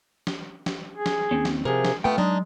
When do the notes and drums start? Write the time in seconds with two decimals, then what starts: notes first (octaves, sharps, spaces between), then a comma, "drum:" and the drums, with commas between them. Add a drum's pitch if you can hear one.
0.27 drum: snare
0.66 drum: snare
0.95 G#4
1.06 drum: snare
1.31 D#2 C4 C#4
1.45 drum: snare
1.65 C3 F3 G#4 A#4
1.85 drum: snare
2.04 A3 B3 F4 G5
2.18 F#3 G#3 D4 D#4